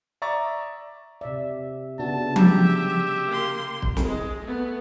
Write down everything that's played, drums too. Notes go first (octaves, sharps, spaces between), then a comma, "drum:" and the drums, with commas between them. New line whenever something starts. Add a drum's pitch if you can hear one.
D5 E5 A#5 C#6 D#6 A6
C3 D5 E5
C#3 B3 D4 F#4 A5
G4 E5, drum: tom F3
A#3 C6
drum: kick
drum: snare
G#3
A3 B3